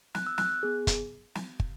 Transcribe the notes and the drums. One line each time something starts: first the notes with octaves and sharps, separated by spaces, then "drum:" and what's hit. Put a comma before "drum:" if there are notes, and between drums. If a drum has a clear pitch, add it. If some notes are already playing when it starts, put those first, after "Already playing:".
F#6, drum: snare
E6
F#6, drum: snare
B3 G#4
drum: kick, hi-hat
drum: snare
drum: kick